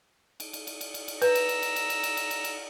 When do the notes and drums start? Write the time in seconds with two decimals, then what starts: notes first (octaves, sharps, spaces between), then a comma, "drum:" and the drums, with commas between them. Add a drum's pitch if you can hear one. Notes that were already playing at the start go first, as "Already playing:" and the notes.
0.40 drum: cymbal
0.53 drum: cymbal
0.67 drum: cymbal
0.81 drum: cymbal
0.94 drum: cymbal
1.08 drum: cymbal
1.22 B4 A#5 E6, drum: cymbal
1.35 drum: cymbal
1.49 drum: cymbal
1.63 drum: cymbal
1.76 drum: cymbal
1.90 drum: cymbal
2.03 drum: cymbal
2.17 drum: cymbal
2.31 drum: cymbal
2.44 drum: cymbal